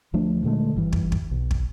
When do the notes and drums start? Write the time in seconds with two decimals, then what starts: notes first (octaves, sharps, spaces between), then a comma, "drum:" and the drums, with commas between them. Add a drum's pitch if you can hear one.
0.13 D2 F3 A3 D4
0.44 A#2 D3 G#3 A3
0.75 F#1 G2 E3
0.93 drum: kick
1.12 drum: kick
1.31 B1
1.51 drum: kick